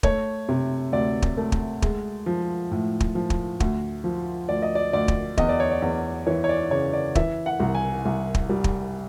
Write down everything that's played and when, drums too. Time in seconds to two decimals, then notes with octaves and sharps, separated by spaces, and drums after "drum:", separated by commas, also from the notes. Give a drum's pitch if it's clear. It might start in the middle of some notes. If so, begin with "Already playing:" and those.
0.03 A3 C#5, drum: kick
0.49 C3
0.92 D2 D5
1.22 drum: kick
1.37 A3
1.52 drum: kick
1.82 G#3, drum: kick
2.26 F3
2.71 A2
3.00 drum: kick
3.15 F3
3.30 drum: kick
3.60 D2, drum: kick
4.04 F3
4.49 D2 D5
4.62 D#5
4.75 D5
4.93 D2 D5
5.08 drum: kick
5.38 E2 D#5, drum: kick
5.49 D5
5.60 C#5
5.71 D5
5.82 E2
6.27 E3 C#5
6.44 C#5
6.49 D5
6.71 C#3 C#5
6.93 D5
7.15 E3 E5, drum: kick
7.46 F#5
7.60 C2
7.75 G#5
8.05 C2
8.35 drum: kick
8.49 G3
8.64 drum: kick